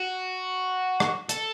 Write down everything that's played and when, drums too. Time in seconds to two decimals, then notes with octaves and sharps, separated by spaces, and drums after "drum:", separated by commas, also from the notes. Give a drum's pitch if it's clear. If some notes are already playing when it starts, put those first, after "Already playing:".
Already playing: F#4
1.00 drum: rim click
1.29 A4, drum: hi-hat